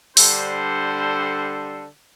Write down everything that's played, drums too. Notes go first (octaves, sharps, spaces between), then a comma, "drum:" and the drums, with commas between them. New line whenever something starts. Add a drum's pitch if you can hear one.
D3 G3 D4 A4 C5, drum: open hi-hat